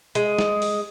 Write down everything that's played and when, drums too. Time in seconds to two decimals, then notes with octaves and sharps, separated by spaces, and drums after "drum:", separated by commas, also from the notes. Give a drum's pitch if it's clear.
0.15 G#3, drum: hi-hat
0.39 drum: snare
0.62 drum: open hi-hat